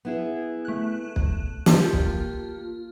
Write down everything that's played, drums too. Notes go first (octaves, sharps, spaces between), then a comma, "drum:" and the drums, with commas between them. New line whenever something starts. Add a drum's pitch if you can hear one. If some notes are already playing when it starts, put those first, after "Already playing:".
B3 E4 G#4
A3 F#6
drum: kick
A#3 F4 G4 A4, drum: snare
drum: kick